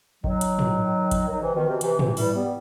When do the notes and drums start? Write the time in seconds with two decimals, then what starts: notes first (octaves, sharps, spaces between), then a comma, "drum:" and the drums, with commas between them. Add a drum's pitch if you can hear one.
0.24 D#3 F#3, drum: kick G#1
0.41 drum: hi-hat
0.59 drum: tom
1.11 drum: kick G#1, hi-hat
1.28 D#3 F#3
1.42 C3 E3
1.55 B2 D#3
1.68 C3 E3
1.81 C3 E3, drum: hi-hat
1.99 C3 E3, drum: tom
2.17 E3 G3, drum: open hi-hat
2.35 G3 B3